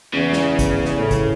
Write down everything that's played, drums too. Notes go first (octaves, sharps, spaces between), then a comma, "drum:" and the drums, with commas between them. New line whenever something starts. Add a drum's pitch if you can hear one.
E2 C#3
drum: snare
drum: kick, hi-hat
drum: snare
A2
drum: kick, hi-hat